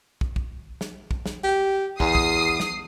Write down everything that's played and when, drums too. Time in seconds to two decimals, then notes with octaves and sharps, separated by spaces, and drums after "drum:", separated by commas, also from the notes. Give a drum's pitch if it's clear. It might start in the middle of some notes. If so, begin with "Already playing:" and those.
0.21 drum: kick
0.36 drum: kick
0.81 drum: snare
1.11 drum: kick
1.26 drum: snare
1.44 G4
2.00 E2 D#6 C7, drum: kick
2.15 drum: kick
2.60 drum: snare